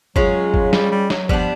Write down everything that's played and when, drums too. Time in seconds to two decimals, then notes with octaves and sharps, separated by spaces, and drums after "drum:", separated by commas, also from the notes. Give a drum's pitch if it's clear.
0.16 F#3 G#3 C#4 F4, drum: kick G1
0.54 drum: kick G1
0.73 G3, drum: snare
0.91 G3
1.10 F#3, drum: snare
1.29 F3 G3 B3 D4, drum: kick G1